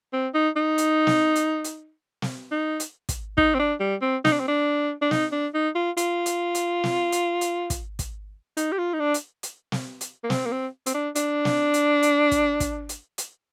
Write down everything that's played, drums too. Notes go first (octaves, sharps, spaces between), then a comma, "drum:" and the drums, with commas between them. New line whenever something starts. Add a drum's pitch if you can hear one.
C4
D#4
D#4
drum: hi-hat
drum: snare
drum: hi-hat
drum: hi-hat
drum: snare
D#4
drum: hi-hat
drum: kick, hi-hat
D#4, drum: kick
C4
D4
G3
C4
D#4, drum: snare
D4
C4
D4
D4
D#4, drum: snare
D4
D#4
F4
F4, drum: hi-hat
drum: hi-hat
drum: hi-hat
drum: snare
drum: hi-hat
drum: hi-hat
drum: kick, hi-hat
drum: kick, hi-hat
D#4, drum: hi-hat
G4
F4
D#4
D4
drum: hi-hat
drum: hi-hat
drum: snare
drum: hi-hat
A#3
C4, drum: snare
A#3
C4
C4, drum: hi-hat
D4
D4, drum: hi-hat
drum: snare
drum: hi-hat
drum: hi-hat
drum: kick, hi-hat
drum: kick, hi-hat
drum: hi-hat
drum: hi-hat